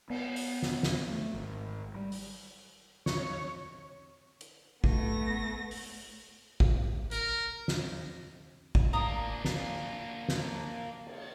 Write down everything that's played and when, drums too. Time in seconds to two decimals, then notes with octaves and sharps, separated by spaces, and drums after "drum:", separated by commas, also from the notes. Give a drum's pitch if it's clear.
0.10 B3, drum: cymbal
0.36 drum: open hi-hat
0.62 drum: snare
0.83 drum: snare
1.11 A3
1.34 G#1
1.95 G3
2.12 drum: open hi-hat
3.06 C#5, drum: snare
4.41 drum: hi-hat
4.84 A3 B3 A#6, drum: kick
5.71 drum: open hi-hat
6.60 drum: kick
7.11 A#4, drum: hi-hat
7.68 drum: snare
8.75 drum: kick
8.93 A#3 D4 A#5 D#6
9.45 drum: snare
10.29 drum: snare
11.07 drum: cymbal